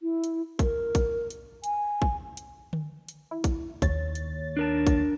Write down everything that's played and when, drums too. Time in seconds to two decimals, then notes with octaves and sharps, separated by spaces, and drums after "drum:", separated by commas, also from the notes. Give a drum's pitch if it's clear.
0.02 E4
0.24 drum: hi-hat
0.59 A#4, drum: kick, hi-hat
0.95 drum: kick, hi-hat
1.30 drum: hi-hat
1.64 G#5, drum: hi-hat
2.02 drum: kick
2.37 drum: hi-hat
2.73 drum: tom D3
3.08 drum: hi-hat
3.31 E4
3.44 drum: kick, hi-hat
3.82 D#2 C#5 A6, drum: kick, hi-hat
4.15 drum: hi-hat
4.57 D4 A#4 A5
4.87 drum: kick, hi-hat